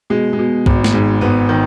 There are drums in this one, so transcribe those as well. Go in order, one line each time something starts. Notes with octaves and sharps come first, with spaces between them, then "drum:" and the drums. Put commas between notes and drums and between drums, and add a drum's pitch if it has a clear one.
B2 G#3
G#3
B2
G#1, drum: kick B1
drum: snare
G#2
G#1 B3
D#3